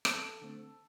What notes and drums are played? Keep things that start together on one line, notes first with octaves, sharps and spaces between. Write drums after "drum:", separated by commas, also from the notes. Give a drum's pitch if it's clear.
F2 A4, drum: rim click
D3 A3 C4